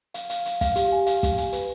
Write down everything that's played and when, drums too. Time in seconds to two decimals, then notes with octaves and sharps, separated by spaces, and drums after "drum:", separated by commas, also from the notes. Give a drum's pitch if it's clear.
0.14 F5, drum: hi-hat
0.30 F5, drum: hi-hat
0.46 F5, drum: hi-hat
0.61 F5, drum: kick, hi-hat
0.76 G4, drum: hi-hat
0.92 G#5
1.07 F5, drum: hi-hat
1.23 G4, drum: kick, hi-hat
1.38 G#5, drum: hi-hat
1.53 B4, drum: hi-hat